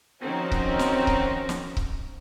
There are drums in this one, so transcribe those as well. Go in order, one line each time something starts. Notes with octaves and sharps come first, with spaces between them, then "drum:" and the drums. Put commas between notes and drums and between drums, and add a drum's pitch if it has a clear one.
D#3 F3 C4 C#4 D#4 F#4
drum: kick C#1
drum: snare
drum: kick C#1
drum: snare
drum: kick C#1